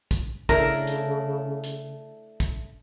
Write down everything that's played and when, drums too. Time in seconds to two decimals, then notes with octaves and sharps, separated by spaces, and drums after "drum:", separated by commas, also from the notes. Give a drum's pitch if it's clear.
0.11 drum: kick, hi-hat
0.49 C#3 A3 D4 E4 A#4, drum: kick
0.87 drum: hi-hat
1.64 drum: hi-hat
2.40 drum: kick, hi-hat